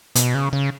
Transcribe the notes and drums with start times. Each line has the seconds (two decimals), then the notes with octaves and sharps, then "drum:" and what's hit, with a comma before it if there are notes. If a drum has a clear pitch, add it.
0.15 B2, drum: hi-hat
0.35 C#3
0.53 C#3